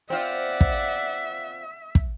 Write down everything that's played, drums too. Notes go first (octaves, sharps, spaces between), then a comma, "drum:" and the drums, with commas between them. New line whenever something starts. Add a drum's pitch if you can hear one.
C4 F4 D5 E5 F#5
drum: kick
drum: kick